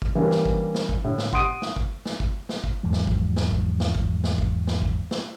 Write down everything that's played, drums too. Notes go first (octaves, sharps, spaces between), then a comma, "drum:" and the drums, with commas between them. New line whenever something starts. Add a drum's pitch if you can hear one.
drum: kick
E3 G3 A#3 C#4 D4
drum: snare
drum: kick
drum: snare
drum: kick
A2 D3
drum: snare
F#5 C6 D#6 D7 D#7, drum: kick
drum: snare
drum: kick
drum: snare
drum: kick
drum: snare
drum: kick
E2 G#2 F3 F#3
drum: snare
drum: kick
drum: snare
drum: kick
drum: snare
drum: kick
drum: snare
drum: kick
drum: snare
drum: kick
drum: snare